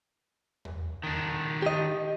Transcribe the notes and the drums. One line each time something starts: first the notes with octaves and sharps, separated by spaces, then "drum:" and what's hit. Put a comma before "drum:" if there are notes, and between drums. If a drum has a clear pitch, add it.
drum: tom E2
D#3 D4
G4 D#5